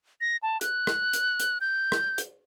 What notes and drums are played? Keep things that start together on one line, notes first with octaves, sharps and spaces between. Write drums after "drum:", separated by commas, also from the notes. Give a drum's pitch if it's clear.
A#6
A5
F#6, drum: hi-hat
drum: rim click
drum: hi-hat
drum: hi-hat
G6
drum: rim click
drum: hi-hat